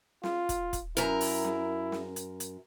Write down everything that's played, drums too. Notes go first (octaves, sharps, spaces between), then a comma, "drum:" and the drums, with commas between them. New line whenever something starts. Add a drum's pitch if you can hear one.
F4, drum: snare
drum: kick, hi-hat
drum: kick, hi-hat
F#2 E4 A#4, drum: hi-hat
drum: open hi-hat
drum: snare
drum: snare
drum: hi-hat
drum: hi-hat